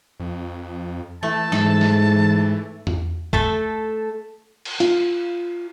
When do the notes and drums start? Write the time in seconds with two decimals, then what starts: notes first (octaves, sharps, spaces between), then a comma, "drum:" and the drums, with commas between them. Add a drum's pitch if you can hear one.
0.20 F2
1.23 E3 A3 A5
1.52 G#2 A4, drum: snare
1.81 drum: snare
2.87 drum: tom E2
3.33 A3 A4, drum: kick C#2
4.65 drum: cymbal
4.80 F4, drum: hi-hat